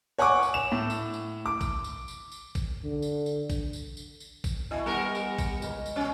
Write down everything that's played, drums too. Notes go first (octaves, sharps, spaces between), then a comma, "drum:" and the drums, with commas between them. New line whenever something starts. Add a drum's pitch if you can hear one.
C#5 F#5 G#5 C#6 D6
drum: tambourine
E7
A2
drum: tambourine
drum: tambourine
D6
drum: kick A1, tambourine
drum: tambourine
drum: tambourine
drum: tambourine
drum: kick A1, tambourine
D3
drum: tambourine
drum: tambourine
drum: kick A1, tambourine
drum: tambourine
drum: tambourine
drum: tambourine
drum: kick A1, tambourine
B2 E4 D#5 G#5
G3 B3 A#4
drum: tambourine
drum: kick A1, tambourine
C#2, drum: tambourine
drum: tambourine
B2 C#4